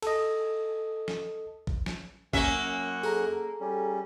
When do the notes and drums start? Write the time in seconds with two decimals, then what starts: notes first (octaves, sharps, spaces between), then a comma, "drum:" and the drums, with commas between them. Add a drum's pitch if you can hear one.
0.02 A4 D#5, drum: cymbal
1.08 drum: snare
1.67 drum: kick
1.86 drum: snare
2.33 F#2 A#3 C#4 E5 F#5 C#6, drum: kick
3.03 G#4 A4 A#5, drum: open hi-hat
3.61 G3 C#4